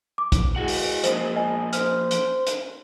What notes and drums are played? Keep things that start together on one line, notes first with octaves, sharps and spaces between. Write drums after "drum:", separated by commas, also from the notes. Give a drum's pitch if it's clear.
D6
drum: kick, hi-hat
G#3 E4 F#4 F#5
drum: open hi-hat
F3 A#3 G#4 C5, drum: hi-hat
D#5 G#5
C5 F6, drum: hi-hat
drum: hi-hat
drum: hi-hat